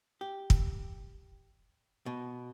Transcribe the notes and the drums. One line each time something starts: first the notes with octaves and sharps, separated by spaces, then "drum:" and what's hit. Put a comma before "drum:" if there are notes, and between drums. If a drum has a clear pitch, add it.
G4
drum: kick
B2